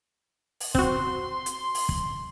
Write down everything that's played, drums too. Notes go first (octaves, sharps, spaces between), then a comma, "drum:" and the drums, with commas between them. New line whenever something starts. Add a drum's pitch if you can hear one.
drum: open hi-hat
C4 F#4 C6, drum: kick
drum: hi-hat
drum: open hi-hat
drum: kick